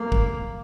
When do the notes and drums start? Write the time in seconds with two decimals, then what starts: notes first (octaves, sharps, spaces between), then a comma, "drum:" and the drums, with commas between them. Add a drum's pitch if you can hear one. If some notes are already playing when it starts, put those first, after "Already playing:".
Already playing: A#3
0.12 drum: kick